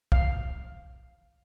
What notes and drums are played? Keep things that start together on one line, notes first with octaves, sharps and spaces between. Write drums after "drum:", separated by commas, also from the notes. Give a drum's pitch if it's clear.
F5, drum: kick